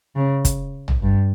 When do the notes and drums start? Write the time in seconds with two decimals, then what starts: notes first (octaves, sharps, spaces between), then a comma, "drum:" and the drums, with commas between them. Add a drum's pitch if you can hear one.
0.16 C#3
0.45 drum: kick, hi-hat
0.88 drum: tom A1
1.03 G2